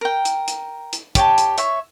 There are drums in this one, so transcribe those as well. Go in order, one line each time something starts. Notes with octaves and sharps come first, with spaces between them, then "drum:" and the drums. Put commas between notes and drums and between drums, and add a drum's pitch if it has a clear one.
A#4 G5
drum: hi-hat
drum: hi-hat
drum: hi-hat
G4 C#5 G5 A5, drum: kick, hi-hat
drum: hi-hat
C#5 E5 C#6, drum: hi-hat